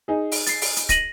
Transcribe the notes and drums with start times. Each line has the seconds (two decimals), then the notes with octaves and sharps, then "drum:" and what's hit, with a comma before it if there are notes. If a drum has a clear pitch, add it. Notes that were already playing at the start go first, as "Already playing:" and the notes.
0.08 D#4 G#4
0.32 drum: open hi-hat
0.46 A6 C7, drum: hi-hat
0.61 drum: open hi-hat
0.76 drum: hi-hat
0.89 A#6 D#7 F#7, drum: kick, hi-hat